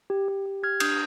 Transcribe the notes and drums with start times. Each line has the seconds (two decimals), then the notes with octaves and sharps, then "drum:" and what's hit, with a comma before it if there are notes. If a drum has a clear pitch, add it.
0.10 G4
0.28 G4
0.45 G4
0.63 G4 F6 G#6
0.80 D4 D#6 G6, drum: cymbal